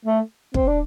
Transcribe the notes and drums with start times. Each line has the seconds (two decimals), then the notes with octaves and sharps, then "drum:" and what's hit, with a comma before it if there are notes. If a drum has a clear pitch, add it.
0.05 A3
0.54 C4, drum: kick
0.67 D4